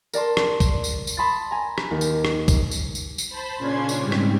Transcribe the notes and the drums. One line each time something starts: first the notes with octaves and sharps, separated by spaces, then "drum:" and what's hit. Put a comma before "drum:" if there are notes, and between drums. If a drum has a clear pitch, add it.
A#4 D5 A5 C6, drum: tambourine
drum: rim click
drum: kick C2, tambourine
drum: tambourine
drum: tambourine
A5 B5 C6 D#6 A6
G#5 A#5
drum: rim click
D#2
drum: tambourine
drum: rim click
drum: kick C2, tambourine
drum: tambourine
drum: tambourine
drum: tambourine
C5 A5 B5
A#2 C#3 C#4 D4 C6 G#6
drum: tambourine
G#2 G3 C4
drum: rim click